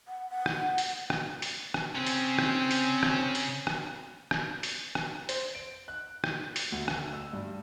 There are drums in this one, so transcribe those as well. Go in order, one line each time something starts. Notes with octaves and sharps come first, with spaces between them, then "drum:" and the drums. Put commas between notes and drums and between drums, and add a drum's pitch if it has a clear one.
F#5
F#5
drum: rim click
drum: open hi-hat
drum: rim click
drum: open hi-hat
drum: rim click
C#3 C4 C#4
drum: open hi-hat
drum: rim click
drum: open hi-hat
drum: rim click
drum: open hi-hat
drum: rim click
drum: rim click
drum: open hi-hat
drum: rim click
C5, drum: open hi-hat
D7
F#6
drum: rim click
drum: open hi-hat
D2
drum: rim click
E6
G2